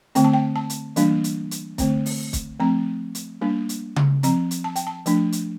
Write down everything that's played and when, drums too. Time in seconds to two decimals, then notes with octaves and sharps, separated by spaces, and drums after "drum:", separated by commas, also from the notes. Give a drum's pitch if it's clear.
0.15 D3 A3 C4 G5, drum: hi-hat
0.24 A5
0.34 G5
0.56 A5
0.70 drum: hi-hat
0.96 E3 G3 A#3 D4, drum: hi-hat
1.24 drum: hi-hat
1.51 drum: hi-hat
1.78 D3 A3 C4, drum: kick, hi-hat
2.06 drum: open hi-hat
2.33 drum: kick, hi-hat
2.60 F3 A3 C4 A#5
3.15 drum: hi-hat
3.41 G3 A#3 D4
3.69 drum: hi-hat
3.96 drum: tom C#3
4.23 F3 C4 A#5, drum: hi-hat
4.51 drum: hi-hat
4.64 A5
4.76 G5, drum: hi-hat
4.87 A5
5.06 F3 A3 D4, drum: hi-hat
5.32 drum: hi-hat